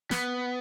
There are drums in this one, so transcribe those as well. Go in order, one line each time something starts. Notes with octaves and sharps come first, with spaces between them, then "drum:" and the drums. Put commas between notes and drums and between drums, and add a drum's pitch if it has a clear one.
B3, drum: snare